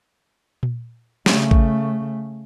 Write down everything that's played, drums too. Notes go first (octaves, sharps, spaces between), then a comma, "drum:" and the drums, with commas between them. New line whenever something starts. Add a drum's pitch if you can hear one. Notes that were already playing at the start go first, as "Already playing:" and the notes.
drum: tom A#2
C#3 A3, drum: snare
drum: kick